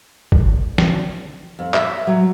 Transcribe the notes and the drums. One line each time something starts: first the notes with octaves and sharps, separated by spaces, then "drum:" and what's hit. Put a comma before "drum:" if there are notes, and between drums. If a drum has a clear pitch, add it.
drum: kick G1
drum: snare
F2
E5, drum: clap
F#3